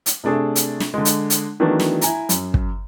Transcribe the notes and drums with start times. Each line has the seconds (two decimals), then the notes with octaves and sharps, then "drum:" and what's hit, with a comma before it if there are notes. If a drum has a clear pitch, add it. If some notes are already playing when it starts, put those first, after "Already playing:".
0.06 drum: hi-hat
0.24 C3 A3 D4 G#4 A4
0.56 drum: hi-hat
0.80 drum: snare
0.94 D3 G#3
1.05 drum: hi-hat
1.30 drum: hi-hat
1.60 D#3 E3 F#3 A3 B3 D4
1.80 drum: snare
2.01 E4 G#5 A#5, drum: hi-hat
2.29 F#2, drum: hi-hat
2.54 drum: kick